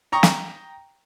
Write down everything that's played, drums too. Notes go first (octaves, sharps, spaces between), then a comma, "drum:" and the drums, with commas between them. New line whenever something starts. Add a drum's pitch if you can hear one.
G5 A#5 C#6 D#6
drum: snare